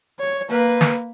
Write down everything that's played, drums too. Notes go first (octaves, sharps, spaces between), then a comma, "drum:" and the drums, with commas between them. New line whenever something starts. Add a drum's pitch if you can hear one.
C#5
A#3 B4
drum: snare